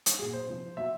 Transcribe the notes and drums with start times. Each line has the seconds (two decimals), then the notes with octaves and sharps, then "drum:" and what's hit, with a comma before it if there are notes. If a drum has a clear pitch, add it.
0.06 drum: hi-hat
0.18 A#2 F#3 G#4
0.33 C5
0.48 C3 F3
0.77 B2 F#3 E5